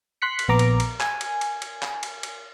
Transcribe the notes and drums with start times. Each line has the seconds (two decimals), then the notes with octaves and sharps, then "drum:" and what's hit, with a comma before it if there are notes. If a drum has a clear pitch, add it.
0.22 C6 F#6 B6 C#7
0.39 drum: cymbal
0.48 A#1 B3 A#5 D6
0.59 drum: cymbal
0.80 drum: cymbal
1.00 G#5, drum: clap
1.21 drum: cymbal
1.41 drum: cymbal
1.62 drum: cymbal
1.82 drum: clap
2.03 drum: cymbal
2.23 drum: cymbal